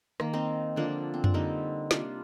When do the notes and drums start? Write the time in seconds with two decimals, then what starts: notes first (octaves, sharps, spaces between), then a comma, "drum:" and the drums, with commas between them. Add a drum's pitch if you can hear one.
0.20 D#3 A#3, drum: rim click
0.33 C4 D#4
0.76 D3 F3 A#3 D4
1.14 C4
1.24 D4, drum: tom F#2
1.34 D3 G3 A#3 C4 D#4
1.91 C3 G3 A#3 D4 F4, drum: snare